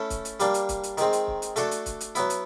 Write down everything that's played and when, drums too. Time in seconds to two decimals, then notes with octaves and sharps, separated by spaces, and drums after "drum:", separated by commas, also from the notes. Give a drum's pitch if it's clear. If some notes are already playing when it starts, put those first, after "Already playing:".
Already playing: A3 C#4 E4 A4
0.10 drum: kick C#1, hi-hat
0.25 drum: hi-hat
0.40 G3 A#3 D4, drum: hi-hat
0.54 drum: hi-hat
0.69 drum: kick C#1, hi-hat
0.83 drum: hi-hat
0.98 D#3 G#3 C4, drum: hi-hat
1.13 drum: hi-hat
1.27 drum: kick C#1
1.42 drum: hi-hat
1.56 A3 D4 F#4 A4, drum: hi-hat
1.71 drum: hi-hat
1.86 drum: kick C#1, hi-hat
2.01 drum: hi-hat
2.15 F#3 B3 E4, drum: hi-hat
2.30 drum: hi-hat